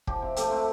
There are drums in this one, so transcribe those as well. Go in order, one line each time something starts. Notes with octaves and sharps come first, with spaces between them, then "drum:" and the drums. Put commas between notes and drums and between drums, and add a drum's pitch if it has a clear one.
F3 G4, drum: kick
C3
A3 G4, drum: hi-hat
C3 C4